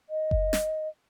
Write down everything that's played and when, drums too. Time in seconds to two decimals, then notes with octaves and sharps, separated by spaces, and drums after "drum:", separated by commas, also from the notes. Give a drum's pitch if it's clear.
0.10 D#5
0.31 drum: kick F#1
0.53 drum: snare